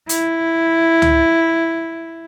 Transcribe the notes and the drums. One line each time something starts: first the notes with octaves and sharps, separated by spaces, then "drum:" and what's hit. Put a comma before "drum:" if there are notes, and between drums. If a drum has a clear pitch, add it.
E4, drum: hi-hat
drum: tom